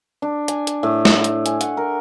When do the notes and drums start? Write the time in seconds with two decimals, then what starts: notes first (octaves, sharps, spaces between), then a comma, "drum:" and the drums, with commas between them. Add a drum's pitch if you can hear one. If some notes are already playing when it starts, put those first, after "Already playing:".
0.22 D4
0.48 G#5, drum: hi-hat
0.67 drum: hi-hat
0.83 A2
1.05 drum: snare
1.24 drum: hi-hat
1.46 G#5, drum: hi-hat
1.61 F#5, drum: hi-hat
1.77 A#4